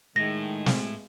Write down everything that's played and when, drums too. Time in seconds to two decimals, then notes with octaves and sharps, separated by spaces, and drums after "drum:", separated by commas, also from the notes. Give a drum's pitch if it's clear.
0.16 A2 D#3 G#3 A#6
0.66 drum: snare